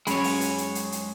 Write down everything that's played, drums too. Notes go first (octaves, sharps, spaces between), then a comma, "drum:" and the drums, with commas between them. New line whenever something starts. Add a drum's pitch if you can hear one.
F#2 G#3 C#5 B5, drum: hi-hat
drum: open hi-hat
drum: hi-hat
drum: hi-hat
drum: hi-hat
drum: hi-hat